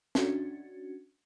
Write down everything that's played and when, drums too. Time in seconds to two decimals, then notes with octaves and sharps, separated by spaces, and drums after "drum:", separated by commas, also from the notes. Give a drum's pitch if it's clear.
0.15 C#4 D4 F#4, drum: snare